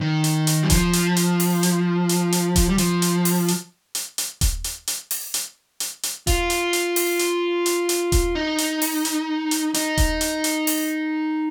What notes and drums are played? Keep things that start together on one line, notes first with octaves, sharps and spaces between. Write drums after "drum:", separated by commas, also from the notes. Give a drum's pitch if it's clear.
D#3
drum: hi-hat
drum: hi-hat
G3
F3, drum: kick D#1, hi-hat
drum: hi-hat
drum: hi-hat
drum: open hi-hat
drum: hi-hat
drum: hi-hat
drum: hi-hat
drum: kick D#1, hi-hat
G3
F3, drum: hi-hat
drum: hi-hat
drum: open hi-hat
drum: hi-hat
drum: hi-hat
drum: hi-hat
drum: kick D#1, hi-hat
drum: hi-hat
drum: hi-hat
drum: open hi-hat
drum: hi-hat
drum: hi-hat
drum: hi-hat
F4, drum: kick D#1, hi-hat
drum: hi-hat
drum: hi-hat
drum: open hi-hat
drum: hi-hat
drum: hi-hat
drum: hi-hat
drum: kick D#1, hi-hat
D#4
drum: hi-hat
drum: open hi-hat
drum: hi-hat
drum: hi-hat
D#4, drum: hi-hat
drum: kick D#1, hi-hat
drum: hi-hat
drum: hi-hat
drum: open hi-hat